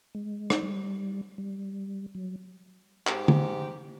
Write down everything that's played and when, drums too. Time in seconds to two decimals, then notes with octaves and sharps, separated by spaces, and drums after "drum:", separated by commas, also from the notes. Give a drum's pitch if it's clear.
0.15 G#3
0.50 drum: rim click
0.63 G3
1.38 G3
2.15 F#3
3.07 G#2 G4, drum: clap
3.28 drum: tom D3